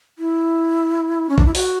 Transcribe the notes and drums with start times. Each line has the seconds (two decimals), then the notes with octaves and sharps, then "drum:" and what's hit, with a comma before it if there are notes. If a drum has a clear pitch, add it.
0.19 E4
1.29 C#4
1.38 D4, drum: kick
1.46 E4
1.55 F#4, drum: open hi-hat